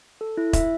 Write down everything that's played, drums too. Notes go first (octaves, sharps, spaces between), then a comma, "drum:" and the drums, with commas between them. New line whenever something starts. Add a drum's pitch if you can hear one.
A4
E4
E5, drum: kick E1, hi-hat